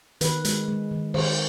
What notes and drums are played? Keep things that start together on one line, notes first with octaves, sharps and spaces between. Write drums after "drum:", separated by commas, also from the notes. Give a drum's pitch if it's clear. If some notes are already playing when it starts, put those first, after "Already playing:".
D#3 B4, drum: hi-hat
G#3, drum: hi-hat
G#3
D#3
D#3 C5, drum: cymbal